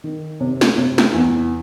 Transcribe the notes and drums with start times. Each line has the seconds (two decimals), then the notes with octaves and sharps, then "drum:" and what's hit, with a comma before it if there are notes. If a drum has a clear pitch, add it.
0.04 D#3
0.40 C3
0.61 drum: snare
0.78 C3
0.98 drum: snare
1.14 E2